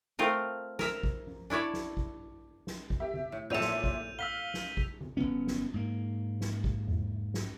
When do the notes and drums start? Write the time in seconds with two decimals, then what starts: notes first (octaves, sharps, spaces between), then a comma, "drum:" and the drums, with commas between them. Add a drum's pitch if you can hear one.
0.19 A3 C4 F4 A#4
0.79 A#4 E5 A#5, drum: snare
1.03 drum: kick
1.27 drum: tom F3
1.50 D4 E4 C#5 D5 E5
1.74 drum: snare
1.97 drum: kick
2.67 drum: snare
2.90 drum: kick
3.00 G4 E5
3.14 drum: tom D3
3.32 A2
3.50 A#2 C4 A4 C#5 E5 G6 D#7 F7
3.60 drum: snare
3.84 drum: kick
4.19 F5 E6 B6 G7
4.54 drum: snare
4.77 drum: kick
5.01 drum: tom D3
5.17 G1 B2 B3 C#4
5.47 drum: snare
5.74 G#2 A#3
6.41 drum: snare
6.64 drum: kick
6.87 drum: tom E2
7.34 drum: snare